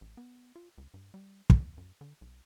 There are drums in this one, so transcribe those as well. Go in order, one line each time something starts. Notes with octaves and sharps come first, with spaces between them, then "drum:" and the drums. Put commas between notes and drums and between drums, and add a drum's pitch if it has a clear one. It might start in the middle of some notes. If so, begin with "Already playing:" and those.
A1
B3
F4
C#2
G2
G3
drum: kick
E2
F#2
D3
B1